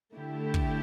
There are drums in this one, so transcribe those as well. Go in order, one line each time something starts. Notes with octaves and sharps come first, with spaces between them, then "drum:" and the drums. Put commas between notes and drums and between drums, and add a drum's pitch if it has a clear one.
D3 A3 E4 G4
drum: kick